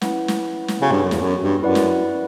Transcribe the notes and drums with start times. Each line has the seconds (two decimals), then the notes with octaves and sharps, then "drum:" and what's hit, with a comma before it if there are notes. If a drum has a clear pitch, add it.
0.01 C#4 E4 B4 F#5, drum: snare
0.28 drum: snare
0.68 drum: snare
0.82 C#3 B3 F#4 A4 C#5
0.92 G2
1.02 F#2
1.11 E2, drum: snare
1.21 F#2
1.42 G2
1.62 F#2 E4 B4 D5 F#5
1.75 drum: snare